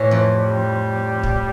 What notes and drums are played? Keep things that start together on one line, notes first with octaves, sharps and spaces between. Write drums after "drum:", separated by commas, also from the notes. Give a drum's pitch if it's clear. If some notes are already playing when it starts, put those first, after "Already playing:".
Already playing: A2 E3
F2
G3
drum: kick